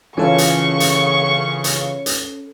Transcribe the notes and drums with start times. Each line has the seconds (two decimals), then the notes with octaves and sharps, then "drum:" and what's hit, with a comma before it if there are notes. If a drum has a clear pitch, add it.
0.17 C#3 E3 C#4 F4 A4 C#5 C#6
0.38 drum: hi-hat
0.80 drum: hi-hat
1.64 drum: hi-hat
2.06 drum: hi-hat